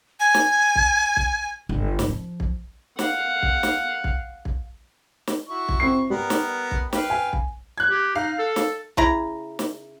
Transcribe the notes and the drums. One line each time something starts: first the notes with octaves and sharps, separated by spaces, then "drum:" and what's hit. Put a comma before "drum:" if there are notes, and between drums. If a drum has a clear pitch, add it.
G#5
drum: snare
drum: kick
drum: kick
G1
drum: snare
F3
drum: kick
F5 F#5, drum: snare
drum: kick
drum: snare
drum: kick
drum: kick
drum: snare
E4 F#4 C#6
drum: kick
C4 C7
G3 B3 A#4
drum: snare
drum: kick
B4 F5 G5, drum: snare
G#5
drum: kick
F#6 G#6
G4
D#4 F5
A4
drum: snare
C#3 E4 A#5, drum: kick
drum: snare